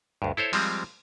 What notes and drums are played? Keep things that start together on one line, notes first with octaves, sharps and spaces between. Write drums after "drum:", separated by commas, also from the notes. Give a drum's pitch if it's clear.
D2 G2
E4 A4 C5 C#5
F3 G3 G#3 C4, drum: open hi-hat